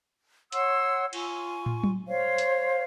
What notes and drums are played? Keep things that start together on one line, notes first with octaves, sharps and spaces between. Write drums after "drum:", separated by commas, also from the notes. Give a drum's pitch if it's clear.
C#5 F#5 C6 E6, drum: hi-hat
F4 G#5 C#6, drum: cymbal
drum: tom
drum: tom F#3
C5 C#5 F5
drum: hi-hat